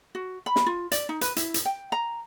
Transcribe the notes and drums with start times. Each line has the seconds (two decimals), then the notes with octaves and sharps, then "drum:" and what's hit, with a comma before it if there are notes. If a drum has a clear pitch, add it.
0.15 F#4
0.46 B5
0.56 drum: snare
0.66 F4
0.92 D5, drum: hi-hat
1.09 D#4
1.21 B4, drum: hi-hat
1.36 E4, drum: hi-hat
1.54 drum: hi-hat
1.65 G5
1.92 A#5